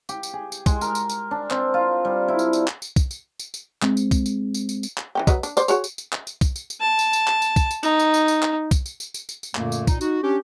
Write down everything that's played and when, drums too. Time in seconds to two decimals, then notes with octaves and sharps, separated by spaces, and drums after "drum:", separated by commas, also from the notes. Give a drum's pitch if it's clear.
0.09 G4, drum: tambourine
0.23 drum: tambourine
0.33 G#4
0.52 drum: tambourine
0.66 G#3, drum: kick, tambourine
0.81 A#4, drum: tambourine
0.95 drum: tambourine
1.09 drum: tambourine
1.31 D4
1.51 C4, drum: clap
1.74 F4
2.05 G3
2.28 E4
2.39 drum: tambourine
2.53 drum: tambourine
2.68 drum: clap
2.82 drum: tambourine
2.96 drum: kick, tambourine
3.11 drum: tambourine
3.39 drum: tambourine
3.54 drum: tambourine
3.82 G#3 C4, drum: clap
3.97 drum: tambourine
4.11 drum: kick, tambourine
4.26 drum: tambourine
4.54 drum: tambourine
4.69 drum: tambourine
4.83 drum: tambourine
4.98 drum: clap
5.15 E3 C#4 G5
5.27 F#3 B4 D#5, drum: kick, tambourine
5.43 D4, drum: tambourine
5.57 C5 D5, drum: tambourine
5.68 F#4 G#4 C#5, drum: tambourine
5.84 drum: tambourine
5.98 drum: tambourine
6.13 drum: clap
6.27 drum: tambourine
6.41 drum: kick, tambourine
6.56 drum: tambourine
6.70 drum: tambourine
6.81 A5
6.99 drum: tambourine
7.13 drum: tambourine
7.28 drum: clap
7.42 drum: tambourine
7.56 drum: kick, tambourine
7.71 drum: tambourine
7.83 D#4, drum: tambourine
7.99 drum: tambourine
8.14 drum: tambourine
8.28 drum: tambourine
8.43 drum: clap
8.71 drum: kick, tambourine
8.86 drum: tambourine
9.00 drum: tambourine
9.14 drum: tambourine
9.29 drum: tambourine
9.43 drum: tambourine
9.55 F#2 A#2 D3 A3 A#3, drum: clap
9.72 drum: tambourine
9.87 A#2 D#4, drum: kick, tambourine
10.01 D#4 F#4, drum: tambourine
10.23 C#4 D4 G4